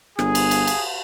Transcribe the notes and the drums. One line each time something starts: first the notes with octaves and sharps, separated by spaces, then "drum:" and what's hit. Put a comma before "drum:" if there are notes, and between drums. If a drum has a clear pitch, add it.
G1 G#4, drum: rim click
drum: cymbal
drum: cymbal
drum: cymbal